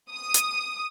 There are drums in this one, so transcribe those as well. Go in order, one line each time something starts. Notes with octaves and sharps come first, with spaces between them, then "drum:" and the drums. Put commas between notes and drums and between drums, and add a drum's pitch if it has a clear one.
D#6
drum: hi-hat